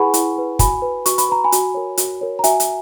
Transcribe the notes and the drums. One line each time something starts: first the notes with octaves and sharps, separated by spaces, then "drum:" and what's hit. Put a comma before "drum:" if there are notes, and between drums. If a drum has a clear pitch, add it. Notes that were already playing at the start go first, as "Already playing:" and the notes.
Already playing: E4 G#4 B4 F#5 G#5 B5 C#6
E4, drum: hi-hat
G#4 B4
F#4 G#5 B5, drum: kick, hi-hat
B4
F#4 C#6, drum: hi-hat
B5, drum: hi-hat
B4 A#5
G#5 B5
F#4, drum: hi-hat
A#4 C#5
F#4, drum: hi-hat
A#4 C#5
A#5
F#4 E5 G#5, drum: hi-hat
drum: hi-hat